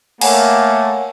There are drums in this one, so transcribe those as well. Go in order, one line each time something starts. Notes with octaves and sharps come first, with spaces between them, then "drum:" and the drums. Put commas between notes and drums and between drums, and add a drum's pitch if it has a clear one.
A3 A#3 C#5 F#5 G#5, drum: cymbal